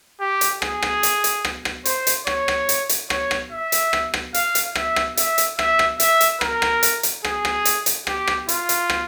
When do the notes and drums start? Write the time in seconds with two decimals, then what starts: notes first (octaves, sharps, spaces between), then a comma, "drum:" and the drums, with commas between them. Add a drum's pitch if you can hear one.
0.20 G4
0.41 drum: hi-hat
0.62 G#4, drum: rim click
0.82 drum: rim click
1.03 drum: hi-hat
1.24 drum: hi-hat
1.45 drum: rim click
1.65 drum: rim click
1.85 C5, drum: hi-hat
2.07 drum: hi-hat
2.27 C#5, drum: rim click
2.48 drum: rim click
2.69 drum: hi-hat
2.89 drum: hi-hat
3.10 C#5, drum: rim click
3.31 drum: rim click
3.52 E5
3.72 drum: hi-hat
3.93 drum: rim click
4.14 drum: rim click
4.34 F5, drum: hi-hat
4.55 drum: hi-hat
4.75 E5, drum: rim click
4.96 drum: rim click
5.17 E5, drum: hi-hat
5.38 drum: hi-hat
5.59 E5, drum: rim click
5.79 drum: rim click
6.00 E5, drum: hi-hat
6.21 drum: hi-hat
6.41 A#4, drum: rim click
6.62 drum: rim click
6.83 drum: hi-hat
7.03 drum: hi-hat
7.24 G#4, drum: rim click
7.45 drum: rim click
7.65 drum: hi-hat
7.86 drum: hi-hat
8.07 G4, drum: rim click
8.27 drum: rim click
8.49 F4, drum: hi-hat
8.69 drum: hi-hat
8.90 drum: rim click